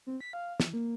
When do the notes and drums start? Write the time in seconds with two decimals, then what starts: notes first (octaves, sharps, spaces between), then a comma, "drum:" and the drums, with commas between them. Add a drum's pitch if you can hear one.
0.07 C4
0.21 B6
0.33 F5
0.60 E3, drum: snare
0.74 A#3